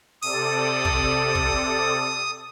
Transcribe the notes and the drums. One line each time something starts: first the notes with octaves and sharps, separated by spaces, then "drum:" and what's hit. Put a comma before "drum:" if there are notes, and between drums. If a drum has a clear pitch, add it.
C3 A4 D5 D#6, drum: open hi-hat
drum: kick
drum: kick